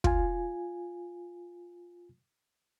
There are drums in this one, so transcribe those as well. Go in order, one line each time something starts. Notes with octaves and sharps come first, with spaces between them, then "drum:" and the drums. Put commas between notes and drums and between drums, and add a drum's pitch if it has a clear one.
F4 G#5, drum: kick